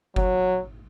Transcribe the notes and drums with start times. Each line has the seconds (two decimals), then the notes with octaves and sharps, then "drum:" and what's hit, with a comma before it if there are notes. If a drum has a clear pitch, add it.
0.16 F#3, drum: kick F#1